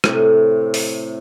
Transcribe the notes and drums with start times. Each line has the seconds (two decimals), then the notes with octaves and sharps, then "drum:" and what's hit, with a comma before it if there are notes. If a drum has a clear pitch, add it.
0.04 A2 C3, drum: rim click
0.74 drum: open hi-hat